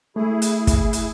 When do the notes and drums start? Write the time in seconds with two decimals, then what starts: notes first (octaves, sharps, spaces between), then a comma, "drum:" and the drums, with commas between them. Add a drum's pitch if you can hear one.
0.16 A3 E4 G#4
0.42 drum: hi-hat
0.67 drum: kick, hi-hat
0.93 drum: hi-hat